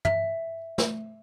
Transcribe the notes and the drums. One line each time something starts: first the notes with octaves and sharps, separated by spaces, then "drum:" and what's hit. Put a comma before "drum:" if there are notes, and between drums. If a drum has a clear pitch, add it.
E5, drum: tom
drum: snare